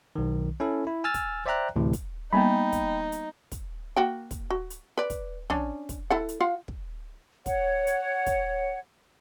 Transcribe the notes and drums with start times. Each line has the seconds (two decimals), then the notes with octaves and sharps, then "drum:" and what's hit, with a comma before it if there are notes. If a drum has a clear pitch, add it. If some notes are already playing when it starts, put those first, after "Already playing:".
0.16 B1 D#3
0.60 C#4 E4 A4
0.87 E4
1.04 G#5 E6 F6 A6
1.14 drum: kick, hi-hat
1.46 C5 D5 E5 G5 A#5 F#6
1.76 D2 A2 C3 E3
1.93 drum: kick, hi-hat
2.33 G3 A#3 B3 D#4 G5 B5
2.72 drum: kick, hi-hat
3.12 drum: hi-hat
3.52 drum: kick, hi-hat
3.96 A#3 F#4 G5
4.31 drum: kick, hi-hat
4.50 F#4
4.70 drum: hi-hat
4.97 B4 D5
5.10 drum: kick, hi-hat
5.50 C#4 D4, drum: tom
5.89 drum: kick, hi-hat
6.10 E4 A4 F#5
6.29 drum: hi-hat
6.40 F4 F5 F#5
6.68 drum: kick
7.46 C#5 F#5, drum: kick, hi-hat
7.87 drum: hi-hat
8.26 drum: kick, hi-hat